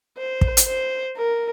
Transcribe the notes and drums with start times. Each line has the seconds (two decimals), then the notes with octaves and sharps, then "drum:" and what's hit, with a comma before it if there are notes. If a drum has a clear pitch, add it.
0.17 C5
0.41 drum: kick
0.57 drum: hi-hat
0.67 C5
1.17 A#4